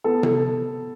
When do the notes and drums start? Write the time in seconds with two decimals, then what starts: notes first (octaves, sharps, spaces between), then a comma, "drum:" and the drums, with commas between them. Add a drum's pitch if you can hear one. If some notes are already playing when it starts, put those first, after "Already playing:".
0.04 B3 A4
0.23 A4, drum: tom C3